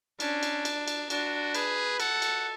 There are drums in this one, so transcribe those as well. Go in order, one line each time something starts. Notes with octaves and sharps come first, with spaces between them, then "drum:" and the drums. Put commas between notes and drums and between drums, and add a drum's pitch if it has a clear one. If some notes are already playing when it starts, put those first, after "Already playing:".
C#4 D4, drum: cymbal
drum: cymbal
drum: cymbal
drum: cymbal
D4 F#4, drum: cymbal
G#4 B4, drum: cymbal
A4 F#5, drum: cymbal
drum: cymbal